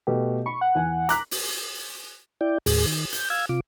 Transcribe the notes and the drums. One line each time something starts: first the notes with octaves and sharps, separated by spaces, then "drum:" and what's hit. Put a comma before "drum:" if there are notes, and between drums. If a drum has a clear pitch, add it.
B2 A3 G4
B5 C#6
F#5
E2 G#5
A#5 D6 F#6 B6, drum: hi-hat
drum: open hi-hat
E4 D5 G5
D#2 A2 G#4, drum: open hi-hat
D#3
G6, drum: hi-hat
F5 E6 G#6
C3 F4 D6